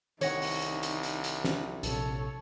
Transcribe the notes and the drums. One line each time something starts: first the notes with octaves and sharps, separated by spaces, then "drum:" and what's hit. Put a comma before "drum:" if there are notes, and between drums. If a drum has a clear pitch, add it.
C2 D#3 D#4 C#5 F#5 A#6, drum: hi-hat
drum: open hi-hat
drum: hi-hat
drum: hi-hat
drum: hi-hat
drum: hi-hat
drum: snare
A#1 C3 A4 C#5, drum: hi-hat